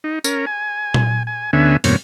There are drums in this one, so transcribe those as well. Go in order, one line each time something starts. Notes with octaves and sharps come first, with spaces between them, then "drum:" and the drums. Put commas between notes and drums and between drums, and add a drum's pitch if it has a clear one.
D#4
C#4 A#4, drum: tambourine
G#5
drum: tom A#2
G#5
D2 D3 B3 C#4 E5 G#5
E2 G2 B2 A#3 C4 C#5, drum: open hi-hat